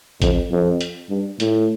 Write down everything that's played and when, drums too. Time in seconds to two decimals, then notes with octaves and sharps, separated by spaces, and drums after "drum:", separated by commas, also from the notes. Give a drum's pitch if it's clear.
0.22 F2, drum: kick G#1, hi-hat
0.51 F2
0.81 drum: hi-hat
1.10 G2
1.40 A2, drum: hi-hat